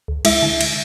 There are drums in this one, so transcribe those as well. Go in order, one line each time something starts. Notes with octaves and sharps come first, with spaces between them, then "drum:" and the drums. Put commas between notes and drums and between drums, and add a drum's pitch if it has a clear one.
D2
G#3 E4 E5, drum: cymbal
D3
drum: cymbal